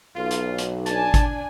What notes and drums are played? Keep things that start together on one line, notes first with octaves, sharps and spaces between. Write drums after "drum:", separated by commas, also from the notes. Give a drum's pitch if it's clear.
B1 F4
drum: hi-hat
drum: hi-hat
D4 G#5 A5, drum: hi-hat
drum: kick G#1, hi-hat